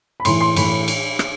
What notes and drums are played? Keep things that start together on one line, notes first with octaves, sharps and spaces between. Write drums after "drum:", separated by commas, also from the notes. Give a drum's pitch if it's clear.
B5
A2 E3 C6, drum: cymbal
C6
A2 E3 B5, drum: cymbal
drum: cymbal
drum: rim click